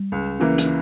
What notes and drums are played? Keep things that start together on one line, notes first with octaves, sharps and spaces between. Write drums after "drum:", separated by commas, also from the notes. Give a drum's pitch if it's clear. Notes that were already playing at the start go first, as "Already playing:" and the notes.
Already playing: G3
C#2
C#3 E3 A#3
drum: hi-hat